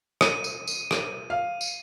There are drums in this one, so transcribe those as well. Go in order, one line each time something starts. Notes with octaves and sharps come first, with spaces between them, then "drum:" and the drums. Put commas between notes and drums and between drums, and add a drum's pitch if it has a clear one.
D#7, drum: rim click
drum: tambourine
drum: tambourine
drum: rim click
F5
drum: tambourine